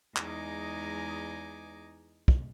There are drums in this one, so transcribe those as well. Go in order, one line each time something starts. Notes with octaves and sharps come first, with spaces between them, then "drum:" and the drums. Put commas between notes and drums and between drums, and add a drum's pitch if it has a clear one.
E2 G#3 D#4 D#5 G#5 D6, drum: clap
drum: kick